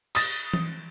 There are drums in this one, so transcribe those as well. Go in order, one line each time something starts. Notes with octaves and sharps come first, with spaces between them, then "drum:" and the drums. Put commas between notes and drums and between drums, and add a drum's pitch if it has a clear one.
D#6 A6, drum: cymbal
drum: tom E3